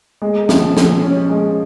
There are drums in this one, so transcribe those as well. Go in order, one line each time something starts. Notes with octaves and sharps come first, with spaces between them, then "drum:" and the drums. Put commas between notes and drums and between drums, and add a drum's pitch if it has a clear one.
G#3
F3, drum: snare
F3, drum: snare
C#4
G#3